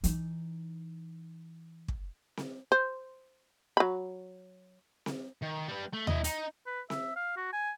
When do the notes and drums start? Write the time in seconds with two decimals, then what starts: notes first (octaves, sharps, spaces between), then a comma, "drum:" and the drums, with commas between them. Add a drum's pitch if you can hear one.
0.04 E3 D#4, drum: hi-hat
1.88 drum: kick
2.37 drum: snare C4
2.72 C5
3.77 F#3 B5
5.06 drum: snare C4
5.42 D#3
5.68 G3 B4
5.93 A3
6.07 E4 D#5, drum: tom D#2
6.24 D#4, drum: hi-hat
6.66 B4
6.90 E5, drum: snare C4
7.16 F5
7.36 F#4
7.53 G#5